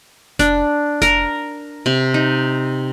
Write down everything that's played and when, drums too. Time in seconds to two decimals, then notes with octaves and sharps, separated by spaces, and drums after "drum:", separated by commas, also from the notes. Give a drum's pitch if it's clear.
0.39 D4, drum: snare F1
1.02 A#4, drum: snare F1
1.86 C3
2.14 D#4